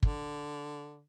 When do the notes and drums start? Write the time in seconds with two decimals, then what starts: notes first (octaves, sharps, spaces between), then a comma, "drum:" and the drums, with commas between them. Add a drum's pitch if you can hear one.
0.03 D3, drum: kick